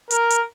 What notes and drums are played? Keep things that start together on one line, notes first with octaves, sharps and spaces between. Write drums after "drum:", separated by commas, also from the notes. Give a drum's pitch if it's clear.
A#4, drum: hi-hat
drum: hi-hat